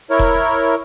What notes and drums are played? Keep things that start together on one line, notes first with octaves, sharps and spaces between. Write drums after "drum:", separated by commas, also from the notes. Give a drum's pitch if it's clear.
E4 A#4 C#5
drum: kick E1